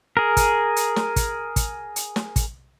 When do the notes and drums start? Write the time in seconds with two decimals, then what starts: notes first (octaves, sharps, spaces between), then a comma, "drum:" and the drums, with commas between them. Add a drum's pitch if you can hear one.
0.17 G#4 A#4
0.37 drum: kick, hi-hat
0.76 drum: hi-hat
0.96 drum: snare
1.16 drum: kick, hi-hat
1.56 drum: kick, hi-hat
1.96 drum: hi-hat
2.16 drum: snare
2.36 drum: kick, hi-hat